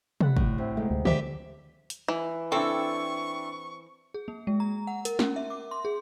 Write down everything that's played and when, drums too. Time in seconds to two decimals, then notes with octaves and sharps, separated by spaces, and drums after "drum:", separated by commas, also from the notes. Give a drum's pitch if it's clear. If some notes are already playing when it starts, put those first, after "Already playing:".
0.21 D3 F#5 B5, drum: tom C3
0.37 A2, drum: kick
0.58 C3
0.77 G#2 A3
0.91 D2
1.05 G4 B4 C5 D5 E5, drum: tom D3
1.90 drum: hi-hat
2.08 E3
2.52 C4 D4 E4 A4 G5 C#6
4.14 G#4
4.28 A#3
4.47 G#3
4.60 A#5
4.87 F#5
5.05 A#4, drum: hi-hat
5.19 C#4, drum: snare
5.36 E5
5.50 D6
5.71 C6
5.85 G#4